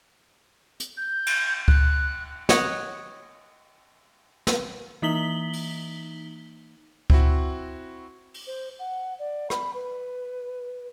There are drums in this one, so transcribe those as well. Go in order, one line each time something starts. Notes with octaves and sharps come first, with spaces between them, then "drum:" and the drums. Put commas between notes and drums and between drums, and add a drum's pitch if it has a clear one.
drum: hi-hat
G6
drum: cymbal
F#6, drum: kick C#2
C#5 D#5 F#5, drum: snare
drum: snare
E3 A#3 D#4 B6 F#7 G7
drum: open hi-hat
C4 E4 F#4, drum: kick C#2
drum: open hi-hat
C5
F#5
D5
B5, drum: rim click
B4